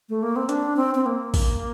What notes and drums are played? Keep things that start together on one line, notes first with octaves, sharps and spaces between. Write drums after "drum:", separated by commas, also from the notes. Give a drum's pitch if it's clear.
A3
A#3
C4
D4, drum: hi-hat
C4
C4
A#3
drum: kick A1, open hi-hat